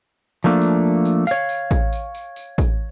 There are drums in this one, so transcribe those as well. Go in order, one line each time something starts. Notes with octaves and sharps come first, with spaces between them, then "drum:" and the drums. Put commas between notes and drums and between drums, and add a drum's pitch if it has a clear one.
F3 A3 A#3 D4
drum: tambourine
drum: tambourine
C#5 F5, drum: tambourine
drum: tambourine
drum: kick A1, tambourine
drum: tambourine
drum: tambourine
drum: tambourine
drum: kick A1, tambourine